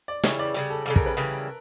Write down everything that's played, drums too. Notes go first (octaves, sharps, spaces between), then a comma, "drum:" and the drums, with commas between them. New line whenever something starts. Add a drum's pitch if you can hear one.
D5
C#3 E3 G3 C#5, drum: snare
D5
C#3 E3 G3
A4
C#3 E3 G3 A4
A#4, drum: kick
B4
C#3 E3 G3